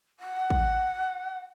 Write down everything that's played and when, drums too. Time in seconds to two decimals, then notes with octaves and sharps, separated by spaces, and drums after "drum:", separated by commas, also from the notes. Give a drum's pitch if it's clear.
0.19 F#5
0.50 drum: kick